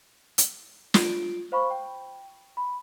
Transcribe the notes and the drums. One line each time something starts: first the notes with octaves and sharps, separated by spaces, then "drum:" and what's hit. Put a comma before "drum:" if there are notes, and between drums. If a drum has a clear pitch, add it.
drum: hi-hat
F4 D7, drum: snare
C5 F5 B5 C#6
G5
B5